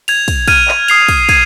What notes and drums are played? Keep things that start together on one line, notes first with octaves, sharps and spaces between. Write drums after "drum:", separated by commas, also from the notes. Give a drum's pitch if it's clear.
G#6 F7, drum: cymbal
drum: kick, cymbal
F6 G#6 D#7, drum: kick, cymbal
drum: clap
D#6 C7 F7, drum: cymbal
drum: kick, cymbal
G#6 D#7, drum: kick, cymbal